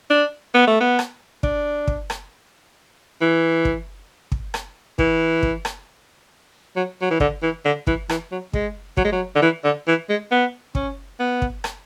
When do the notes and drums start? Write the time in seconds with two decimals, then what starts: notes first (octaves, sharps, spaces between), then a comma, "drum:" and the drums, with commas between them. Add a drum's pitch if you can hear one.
0.10 D4
0.54 B3
0.67 A3
0.80 B3
0.99 drum: rim click
1.43 D4, drum: kick
1.88 drum: kick
2.10 drum: rim click
3.21 E3
3.65 drum: kick
4.32 drum: kick
4.54 drum: rim click
4.99 E3, drum: kick
5.43 drum: kick
5.65 drum: rim click
6.76 F#3
7.01 F#3
7.10 E3
7.20 D3, drum: kick
7.43 E3
7.65 D3
7.87 E3, drum: kick
8.09 E3, drum: rim click
8.31 F#3
8.53 G#3, drum: kick
8.97 F#3, drum: kick
9.04 G#3
9.12 F#3
9.35 D3
9.42 E3
9.64 D3
9.87 E3
10.09 G#3
10.31 B3
10.75 C#4, drum: kick
11.19 B3
11.42 drum: kick
11.64 drum: rim click